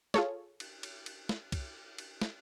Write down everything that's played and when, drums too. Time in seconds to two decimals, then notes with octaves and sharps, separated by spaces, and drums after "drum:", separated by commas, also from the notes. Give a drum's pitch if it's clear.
0.14 F4 G#4 A4 C#5, drum: snare
0.60 drum: cymbal
0.83 drum: cymbal
1.06 drum: cymbal
1.29 drum: snare
1.52 drum: kick C2, cymbal
1.98 drum: cymbal
2.22 drum: snare